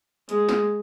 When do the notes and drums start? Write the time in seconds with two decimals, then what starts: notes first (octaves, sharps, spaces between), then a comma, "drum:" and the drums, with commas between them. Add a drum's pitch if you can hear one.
0.29 G#3, drum: hi-hat
0.49 drum: snare